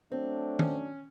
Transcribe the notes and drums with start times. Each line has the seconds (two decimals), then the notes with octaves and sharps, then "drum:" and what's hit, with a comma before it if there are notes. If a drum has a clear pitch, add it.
0.12 F#3 A3 C4 D4
0.59 C#4, drum: tom D#3